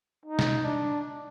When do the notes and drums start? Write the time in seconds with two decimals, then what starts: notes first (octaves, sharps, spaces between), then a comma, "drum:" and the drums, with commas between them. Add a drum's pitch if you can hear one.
0.25 D#4
0.39 drum: snare
0.65 D4